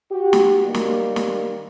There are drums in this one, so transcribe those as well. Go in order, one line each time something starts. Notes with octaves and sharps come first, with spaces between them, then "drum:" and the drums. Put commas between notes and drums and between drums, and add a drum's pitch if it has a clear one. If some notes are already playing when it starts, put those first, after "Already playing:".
F#4 G4
drum: snare
D#3 G3 A#3
drum: snare
drum: snare